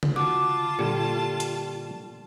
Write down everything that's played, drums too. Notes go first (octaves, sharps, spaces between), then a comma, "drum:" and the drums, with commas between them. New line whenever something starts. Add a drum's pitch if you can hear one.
drum: tom C#3
F4 F#4 A5 D6
A#2 D3 G3 G4
drum: hi-hat